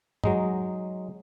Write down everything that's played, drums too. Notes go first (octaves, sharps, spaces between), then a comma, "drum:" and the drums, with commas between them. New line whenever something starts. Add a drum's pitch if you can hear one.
F#3 G#3 D#4, drum: tom G2